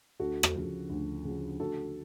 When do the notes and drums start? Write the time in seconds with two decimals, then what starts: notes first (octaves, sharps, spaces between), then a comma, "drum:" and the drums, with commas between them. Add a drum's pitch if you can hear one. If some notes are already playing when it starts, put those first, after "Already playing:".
0.20 D2 F#4 A4
0.43 drum: rim click
0.55 C#3 F3
0.90 D2
1.25 C#3 F3
1.60 D2 F#4 A4